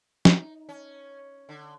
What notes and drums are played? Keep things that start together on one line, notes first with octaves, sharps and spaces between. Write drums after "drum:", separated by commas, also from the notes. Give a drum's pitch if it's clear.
D#4, drum: snare
C#4
D3